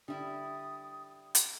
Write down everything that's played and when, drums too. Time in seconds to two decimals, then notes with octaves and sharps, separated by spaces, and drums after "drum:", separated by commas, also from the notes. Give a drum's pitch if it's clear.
0.08 D3 G3 E4 D#6
1.35 drum: hi-hat